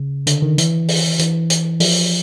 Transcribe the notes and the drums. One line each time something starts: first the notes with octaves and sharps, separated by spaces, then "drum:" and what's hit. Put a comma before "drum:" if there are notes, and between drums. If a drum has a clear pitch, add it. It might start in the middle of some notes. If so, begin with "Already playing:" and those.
Already playing: C#3
D3, drum: hi-hat
D#3
E3, drum: hi-hat
drum: open hi-hat
E3, drum: hi-hat
drum: hi-hat
F3, drum: open hi-hat